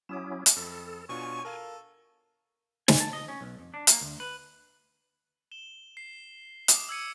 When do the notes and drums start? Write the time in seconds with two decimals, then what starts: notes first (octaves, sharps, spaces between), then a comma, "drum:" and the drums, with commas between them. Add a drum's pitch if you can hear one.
0.09 F#3 C#4 E4 D6 D#6 E7
0.46 drum: hi-hat
0.56 F2 A4
1.09 B2 D4 F4 C#5 G#5 C#6
1.45 A4 A#4 F5
2.88 G#5, drum: snare
3.00 A5
3.13 D#5
3.28 C#4
3.41 B1
3.59 F2
3.74 D4
3.87 A#3, drum: hi-hat
4.01 D2
4.20 B4
5.52 E7 G7
5.97 C7
6.68 D6 D#6 C7, drum: hi-hat
6.89 E6 G#6 C#7 D#7